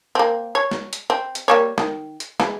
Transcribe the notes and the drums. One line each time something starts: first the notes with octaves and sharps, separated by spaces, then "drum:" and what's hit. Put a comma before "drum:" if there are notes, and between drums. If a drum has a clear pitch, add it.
A#3 C4
C#5
drum: snare
drum: hi-hat
C4
drum: hi-hat
G3 A#3 C#5
D#3, drum: snare
drum: hi-hat
E3 G#3, drum: snare